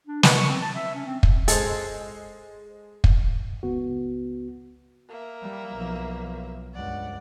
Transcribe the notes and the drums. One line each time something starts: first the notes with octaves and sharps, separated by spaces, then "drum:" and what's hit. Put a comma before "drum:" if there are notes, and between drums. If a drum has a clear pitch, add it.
D4
B4, drum: snare
C#6
C4
A5
E5
C#4
C4
drum: kick
G#3 G#4 A4 C5, drum: hi-hat
drum: kick
C#2 B3 F#4
A#3 E5
G3
B1 F3
C#2 G2 D5 F#5